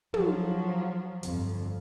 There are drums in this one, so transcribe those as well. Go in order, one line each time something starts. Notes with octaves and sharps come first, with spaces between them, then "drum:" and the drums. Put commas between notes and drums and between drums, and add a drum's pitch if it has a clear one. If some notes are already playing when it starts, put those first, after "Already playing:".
F3 F#3, drum: tom
G1 F2, drum: hi-hat